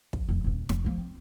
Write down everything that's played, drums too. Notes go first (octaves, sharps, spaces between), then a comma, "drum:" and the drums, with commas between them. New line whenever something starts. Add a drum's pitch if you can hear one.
F2, drum: kick
F1
D#1 C#4
F1, drum: snare
F3 A#3
C4